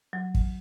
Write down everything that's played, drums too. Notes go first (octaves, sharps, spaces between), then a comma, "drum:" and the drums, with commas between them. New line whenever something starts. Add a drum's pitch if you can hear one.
F#3
drum: kick